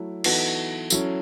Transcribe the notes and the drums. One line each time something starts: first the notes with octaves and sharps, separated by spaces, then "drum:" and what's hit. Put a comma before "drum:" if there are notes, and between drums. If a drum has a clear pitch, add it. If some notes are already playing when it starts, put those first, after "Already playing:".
Already playing: F#3 A3 E4
E3 B3 D#4 F#4 A4, drum: cymbal
F#3 C#4 E4 A4, drum: tambourine